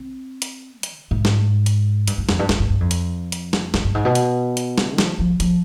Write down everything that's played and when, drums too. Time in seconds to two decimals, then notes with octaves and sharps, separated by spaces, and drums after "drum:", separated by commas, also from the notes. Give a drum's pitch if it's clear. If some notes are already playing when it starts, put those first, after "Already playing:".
Already playing: C4
0.42 drum: hi-hat
0.83 F3, drum: hi-hat
0.97 B2
1.11 G#2
1.25 drum: snare
1.66 drum: hi-hat
2.08 G2, drum: hi-hat
2.18 G2
2.29 F2, drum: snare
2.39 G2
2.49 G2, drum: snare
2.60 G2
2.70 G2
2.80 F2
2.91 drum: hi-hat
3.32 drum: hi-hat
3.53 drum: snare
3.74 G2, drum: snare
3.84 G2
3.95 G#2
4.05 B2
4.15 drum: hi-hat
4.57 drum: hi-hat
4.78 drum: snare
4.98 F3, drum: snare
5.19 F3
5.40 F3, drum: hi-hat